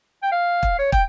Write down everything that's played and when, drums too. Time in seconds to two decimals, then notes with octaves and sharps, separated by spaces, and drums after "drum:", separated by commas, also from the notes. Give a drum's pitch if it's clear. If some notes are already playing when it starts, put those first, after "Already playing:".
0.23 G5
0.32 F5
0.63 drum: kick
0.79 C#5
0.92 G5, drum: kick